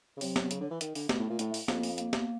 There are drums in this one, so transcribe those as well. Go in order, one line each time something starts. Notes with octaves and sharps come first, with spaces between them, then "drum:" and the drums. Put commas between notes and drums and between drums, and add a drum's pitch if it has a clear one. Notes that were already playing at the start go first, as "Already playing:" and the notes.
C#3
C3 F#3, drum: open hi-hat
C3, drum: snare
C#3, drum: hi-hat
D3
E3
D#3, drum: hi-hat
D3, drum: open hi-hat
B2 A3, drum: snare
A2
A#2
A2, drum: hi-hat
drum: open hi-hat
F2 A#3, drum: snare
drum: open hi-hat
A#3, drum: hi-hat
drum: snare